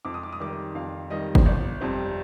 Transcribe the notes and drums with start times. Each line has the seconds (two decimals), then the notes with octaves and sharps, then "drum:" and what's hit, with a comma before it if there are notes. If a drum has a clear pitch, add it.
0.05 F2 D6
0.14 D#6
0.23 D6
0.33 D#6
0.40 D#3 G3 D6
0.75 F2 F5
1.10 D#3 G3 D#5
1.35 C5, drum: kick
1.46 G1 D5
1.81 F2 C3 G3 C5